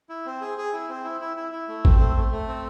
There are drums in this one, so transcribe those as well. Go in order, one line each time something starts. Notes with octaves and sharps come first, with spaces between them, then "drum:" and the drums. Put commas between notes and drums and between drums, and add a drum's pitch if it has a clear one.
E4
C4
G#4
G#4
E4
C4
E4
E4
E4
E4
A3
C4, drum: kick A1
A3
A3
A3
C4